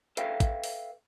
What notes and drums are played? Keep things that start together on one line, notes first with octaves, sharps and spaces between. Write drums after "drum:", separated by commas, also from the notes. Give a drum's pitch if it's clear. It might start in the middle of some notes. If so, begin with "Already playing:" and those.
A4 B4 E5 F5 G5, drum: hi-hat
drum: kick, hi-hat
drum: open hi-hat